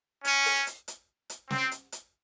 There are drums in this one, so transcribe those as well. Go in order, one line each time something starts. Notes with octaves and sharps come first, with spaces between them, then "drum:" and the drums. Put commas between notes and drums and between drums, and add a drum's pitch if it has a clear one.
C#4, drum: hi-hat
drum: open hi-hat
drum: hi-hat
drum: hi-hat
drum: hi-hat
C4, drum: snare
drum: hi-hat
drum: hi-hat